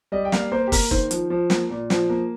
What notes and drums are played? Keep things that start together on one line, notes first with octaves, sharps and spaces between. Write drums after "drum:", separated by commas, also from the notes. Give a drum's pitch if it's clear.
G3 D#5
G5
A#3 F5, drum: snare
A#3 C5
G4
A#3 A#4, drum: kick, open hi-hat
D#3 C5, drum: kick
F3, drum: hi-hat
F3
A#3, drum: snare
A#2
F3, drum: snare
A#3